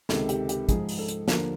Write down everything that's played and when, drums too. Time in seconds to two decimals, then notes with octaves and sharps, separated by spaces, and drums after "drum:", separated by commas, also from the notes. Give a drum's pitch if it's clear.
0.09 C#2 C3 D#3 A4, drum: snare
0.29 G4, drum: hi-hat
0.49 G4, drum: hi-hat
0.69 G#2 F3 G#4, drum: kick, hi-hat
0.89 drum: open hi-hat
0.99 A4
1.08 drum: hi-hat
1.28 D#2 D3 F3 A#4, drum: snare